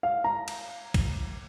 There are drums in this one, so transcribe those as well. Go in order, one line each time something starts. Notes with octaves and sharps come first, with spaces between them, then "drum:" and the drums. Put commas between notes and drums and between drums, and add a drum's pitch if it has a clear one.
F5
A#5
drum: cymbal
drum: kick C2, cymbal